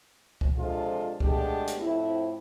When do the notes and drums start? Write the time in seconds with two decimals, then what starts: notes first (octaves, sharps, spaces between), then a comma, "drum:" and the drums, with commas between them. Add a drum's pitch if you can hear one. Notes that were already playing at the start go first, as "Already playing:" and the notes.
0.41 drum: kick C#2
0.56 C3 F3 G#3 D4 F4 A4
1.20 G#3 A3 B3 D4 G4 G#4, drum: kick C#2
1.68 drum: hi-hat
1.80 F2 A2 C4 E4